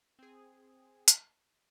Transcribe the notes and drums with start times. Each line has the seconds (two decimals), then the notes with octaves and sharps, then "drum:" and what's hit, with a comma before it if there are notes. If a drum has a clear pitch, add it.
0.19 C4 G#4
1.08 drum: hi-hat